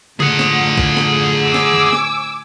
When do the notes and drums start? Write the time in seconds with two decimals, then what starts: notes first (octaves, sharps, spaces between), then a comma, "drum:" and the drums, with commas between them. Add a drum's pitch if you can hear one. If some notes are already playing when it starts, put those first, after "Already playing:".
0.20 A2 D3 F3 G#4 F#5, drum: tom C#3
0.39 drum: snare
0.78 drum: kick
0.97 drum: snare
1.42 G#5 D6 E6
1.54 drum: snare
1.74 drum: tom D#3
1.93 drum: snare